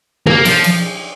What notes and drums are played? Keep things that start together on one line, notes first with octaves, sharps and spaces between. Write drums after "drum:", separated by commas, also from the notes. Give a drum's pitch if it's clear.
A#3, drum: tom
F3, drum: cymbal
drum: cymbal